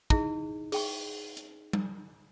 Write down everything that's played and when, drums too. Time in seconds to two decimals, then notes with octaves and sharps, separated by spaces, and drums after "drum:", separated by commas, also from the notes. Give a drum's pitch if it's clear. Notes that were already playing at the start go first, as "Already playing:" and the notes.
0.10 D#4 E4 G#4, drum: kick
0.72 G#4 G5 C#6, drum: open hi-hat
1.37 drum: hi-hat
1.73 drum: tom G3